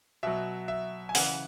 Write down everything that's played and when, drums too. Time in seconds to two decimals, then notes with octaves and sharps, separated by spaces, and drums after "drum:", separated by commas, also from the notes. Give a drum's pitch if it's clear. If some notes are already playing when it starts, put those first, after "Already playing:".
0.23 B2 F#3 E5
0.68 E5
1.09 G#5
1.15 C#3 E3 F#5, drum: open hi-hat